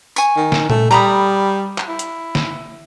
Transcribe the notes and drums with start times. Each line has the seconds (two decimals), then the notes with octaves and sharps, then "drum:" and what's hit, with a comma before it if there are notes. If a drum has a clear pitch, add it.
0.16 G#5 C#6, drum: tambourine
0.36 D#3
0.52 drum: snare
0.70 A3, drum: tom A#2
0.91 G3 A#5 B5 D#6
1.78 drum: clap
1.88 E4
1.99 drum: hi-hat
2.35 drum: snare